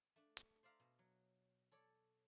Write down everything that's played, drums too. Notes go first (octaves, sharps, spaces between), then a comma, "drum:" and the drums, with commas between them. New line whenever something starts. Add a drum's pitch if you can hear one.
A3 D4
drum: hi-hat
C5 D5 E5 F5 A#5
B2
F#3
A4 C#5 D5